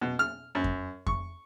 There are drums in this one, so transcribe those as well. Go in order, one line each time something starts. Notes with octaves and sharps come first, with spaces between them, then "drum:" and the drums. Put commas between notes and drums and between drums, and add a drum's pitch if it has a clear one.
B2
F6
F#2
drum: kick F2
C#6, drum: kick F2